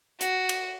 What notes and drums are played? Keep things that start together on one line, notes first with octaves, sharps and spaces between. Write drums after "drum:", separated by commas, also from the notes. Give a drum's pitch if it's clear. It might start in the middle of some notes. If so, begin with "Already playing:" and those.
F#4, drum: hi-hat
drum: cymbal